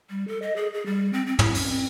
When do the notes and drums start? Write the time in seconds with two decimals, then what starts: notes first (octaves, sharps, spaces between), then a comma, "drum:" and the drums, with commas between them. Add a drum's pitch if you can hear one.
0.10 G3
0.28 A4
0.42 D#5
0.56 G#4
0.74 G#4
0.86 G3
1.13 C4
1.27 C4
1.39 E4, drum: tom
1.54 C#4, drum: open hi-hat
1.70 C4